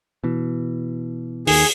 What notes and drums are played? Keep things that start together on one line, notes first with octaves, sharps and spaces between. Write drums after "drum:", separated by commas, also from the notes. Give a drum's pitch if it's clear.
B2 E3
D#2 D#3 G#4, drum: open hi-hat